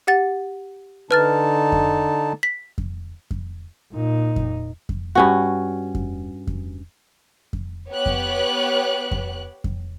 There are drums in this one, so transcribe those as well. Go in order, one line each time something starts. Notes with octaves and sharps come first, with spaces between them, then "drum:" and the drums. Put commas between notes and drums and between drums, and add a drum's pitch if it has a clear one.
G4 F#5 A6
D3 D#4 B4 A5 F6 A6
drum: kick F2
B6
drum: kick F2
drum: kick F2
A#2 D#4
drum: kick F2
drum: kick F2
G2 C#4 F#4
drum: kick F2
drum: kick F2
drum: kick F2
B3 G4 C#5 F#6
drum: kick F2
drum: kick F2
drum: kick F2